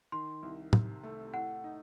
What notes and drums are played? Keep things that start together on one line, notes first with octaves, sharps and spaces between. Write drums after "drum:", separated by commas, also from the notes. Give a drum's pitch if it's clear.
D#3 C6
C2
C3, drum: tom
A3
A2 F#5
D#4